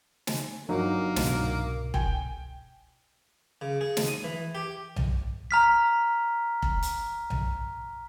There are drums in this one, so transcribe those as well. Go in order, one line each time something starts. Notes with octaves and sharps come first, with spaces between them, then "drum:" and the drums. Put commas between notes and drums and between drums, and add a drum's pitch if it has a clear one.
G#5, drum: snare
G1 F#3 A#3 D#4
C2 G#2 B2, drum: snare
G5 G#5, drum: kick
C#3
G#4
drum: snare
D#6
E3
G4
drum: tom B1
A#5 F6 B6
drum: kick
drum: hi-hat
drum: tom B1